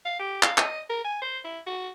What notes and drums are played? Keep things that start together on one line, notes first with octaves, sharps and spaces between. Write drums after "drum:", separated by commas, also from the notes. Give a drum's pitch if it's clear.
F5
G4
F5, drum: clap
D#5, drum: clap
A#4
G#5
C5
E4
F#4